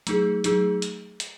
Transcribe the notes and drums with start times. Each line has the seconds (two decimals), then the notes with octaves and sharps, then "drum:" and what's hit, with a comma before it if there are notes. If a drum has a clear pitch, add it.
0.07 F#3 A3 D#4 G#4, drum: hi-hat
0.44 F#3 A3 D#4 G#4, drum: hi-hat
0.82 drum: hi-hat
1.20 drum: hi-hat